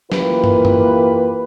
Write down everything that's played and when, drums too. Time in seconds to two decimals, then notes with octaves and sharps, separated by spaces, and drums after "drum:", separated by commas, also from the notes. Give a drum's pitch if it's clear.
0.12 E3 A#3 F4 G4 B4, drum: snare
0.44 drum: tom
0.65 drum: tom F#2